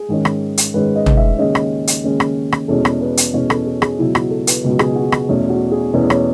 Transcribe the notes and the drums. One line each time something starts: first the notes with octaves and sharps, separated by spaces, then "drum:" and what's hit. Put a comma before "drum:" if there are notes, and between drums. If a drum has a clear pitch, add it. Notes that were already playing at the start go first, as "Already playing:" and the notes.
Already playing: G#4
G#2 D#3 G#3 C#4
drum: rim click
drum: hi-hat
G#2 D#3 G#3 C#4 B4
D#5
drum: tom
E5
D#2 C#3 G#3 C#4 D#5
drum: rim click
drum: hi-hat
D#2 C#3 G#3 C#4
drum: rim click
drum: rim click
E2 B2 G#3 C#4 A4
drum: rim click
B4
drum: hi-hat
E2 B2 G#3 C#4 C#5
A4, drum: rim click
G#4
G#4, drum: rim click
C#2 B2 F#3 E4
F#4, drum: rim click
A4
B4, drum: hi-hat
C#2 B2 F#3 B4
G#4, drum: rim click
F#4
drum: rim click
E2 B2 A3 C#4 E4
F#4
G#4
E2 B2 A3 C#4 B4
C#5, drum: rim click